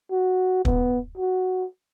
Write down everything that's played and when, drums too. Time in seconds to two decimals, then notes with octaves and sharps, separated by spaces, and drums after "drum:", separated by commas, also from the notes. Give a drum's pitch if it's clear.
0.12 F#4
0.65 B3, drum: kick
1.18 F#4